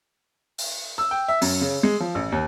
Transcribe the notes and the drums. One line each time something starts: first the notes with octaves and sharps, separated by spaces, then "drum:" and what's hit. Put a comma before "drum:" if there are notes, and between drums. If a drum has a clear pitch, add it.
drum: open hi-hat
E6
G5
E5
F#2, drum: open hi-hat
C#3
G#3
F3
A1
D#2